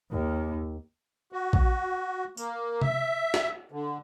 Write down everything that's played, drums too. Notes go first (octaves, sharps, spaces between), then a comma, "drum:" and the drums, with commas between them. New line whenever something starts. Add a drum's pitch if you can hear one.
D#2
F#4
drum: kick
A#3, drum: tambourine
E5, drum: tom C3
drum: snare
D3